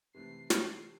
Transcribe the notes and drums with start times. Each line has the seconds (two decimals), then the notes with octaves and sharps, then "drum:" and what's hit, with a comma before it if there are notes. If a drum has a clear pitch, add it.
0.14 C3 E3 A3 C4 C7
0.50 C7, drum: snare